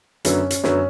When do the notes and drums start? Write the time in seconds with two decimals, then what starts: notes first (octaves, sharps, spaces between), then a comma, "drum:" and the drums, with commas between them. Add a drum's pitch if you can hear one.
0.25 F#2 D3 F#3 B3 C#4, drum: hi-hat
0.50 drum: hi-hat
0.64 F#2 D3 F#3 B3 C#4, drum: snare